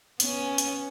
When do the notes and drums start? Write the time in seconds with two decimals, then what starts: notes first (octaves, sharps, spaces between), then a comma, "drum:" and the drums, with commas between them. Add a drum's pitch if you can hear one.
0.20 B3 C#4, drum: hi-hat
0.58 drum: hi-hat